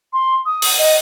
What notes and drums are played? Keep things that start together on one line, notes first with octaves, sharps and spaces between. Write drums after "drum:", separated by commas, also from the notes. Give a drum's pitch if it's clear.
C6
D#6
drum: open hi-hat
D#5